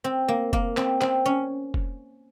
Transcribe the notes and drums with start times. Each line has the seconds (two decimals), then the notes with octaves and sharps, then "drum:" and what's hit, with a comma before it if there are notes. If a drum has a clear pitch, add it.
0.04 C4
0.28 A#3
0.53 A#3, drum: kick F1
0.77 C4, drum: clap
1.01 C4, drum: clap
1.26 C#4
1.74 drum: kick F1